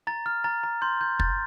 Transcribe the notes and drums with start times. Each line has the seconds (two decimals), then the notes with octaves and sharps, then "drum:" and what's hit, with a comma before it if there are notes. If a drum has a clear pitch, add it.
0.07 A#5 A6
0.26 F6
0.44 A#5 A6
0.64 A#5
0.82 C6 G6
1.01 G6
1.19 G6 A6, drum: kick